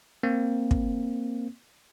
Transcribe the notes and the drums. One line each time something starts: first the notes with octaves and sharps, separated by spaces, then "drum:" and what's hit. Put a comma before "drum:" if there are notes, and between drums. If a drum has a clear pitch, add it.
A#3 C4
drum: kick